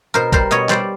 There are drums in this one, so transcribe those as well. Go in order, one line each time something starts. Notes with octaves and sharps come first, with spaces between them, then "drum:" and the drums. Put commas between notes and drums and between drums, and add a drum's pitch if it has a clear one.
B2 A#4 C5
G3 A#4 C5, drum: kick
B2 C#5 D#5
G3 C5 D5, drum: clap